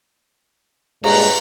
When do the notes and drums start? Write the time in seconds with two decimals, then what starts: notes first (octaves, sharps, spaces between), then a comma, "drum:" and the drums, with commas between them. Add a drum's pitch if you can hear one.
1.04 G2 A#2 G#3 B4 A#5, drum: cymbal